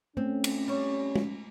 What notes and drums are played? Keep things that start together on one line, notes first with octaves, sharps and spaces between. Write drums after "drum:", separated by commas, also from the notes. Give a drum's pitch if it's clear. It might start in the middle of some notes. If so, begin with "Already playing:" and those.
A3 C4 C#4
drum: cymbal
G3 C#5
drum: tom G#3